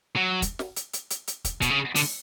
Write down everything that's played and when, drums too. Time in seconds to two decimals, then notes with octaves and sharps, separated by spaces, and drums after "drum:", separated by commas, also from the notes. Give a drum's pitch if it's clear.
0.16 F#3
0.42 drum: kick, hi-hat
0.59 drum: snare
0.76 drum: hi-hat
0.93 drum: hi-hat
1.10 drum: hi-hat
1.27 drum: hi-hat
1.45 drum: kick, hi-hat
1.62 B2, drum: kick, hi-hat
1.70 C#3
1.95 D3, drum: open hi-hat